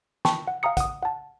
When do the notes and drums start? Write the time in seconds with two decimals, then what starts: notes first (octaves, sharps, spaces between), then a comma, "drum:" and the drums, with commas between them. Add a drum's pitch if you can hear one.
0.25 G5 A5 B5 C#6, drum: snare
0.48 F#5
0.63 F5 G5 A#5 D#6 C#7
0.77 F#5 D#6, drum: kick A#1, hi-hat
1.03 F#5 A5